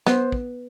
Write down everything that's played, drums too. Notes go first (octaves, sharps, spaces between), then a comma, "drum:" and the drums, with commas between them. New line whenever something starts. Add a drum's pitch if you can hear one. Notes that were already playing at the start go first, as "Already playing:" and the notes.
B3 C5, drum: snare
drum: kick